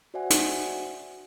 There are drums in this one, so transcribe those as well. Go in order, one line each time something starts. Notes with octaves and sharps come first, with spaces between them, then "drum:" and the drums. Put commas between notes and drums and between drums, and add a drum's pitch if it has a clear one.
F#4 C5 D5 E5 F#5 G#5
drum: hi-hat